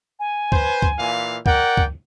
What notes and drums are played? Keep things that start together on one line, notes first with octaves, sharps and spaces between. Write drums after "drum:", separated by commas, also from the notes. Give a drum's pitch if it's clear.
G#5
B4 C5, drum: kick D2
drum: kick D2
A#2 E3 F5
A#4 D5 F#5 G5, drum: kick D2
drum: kick D2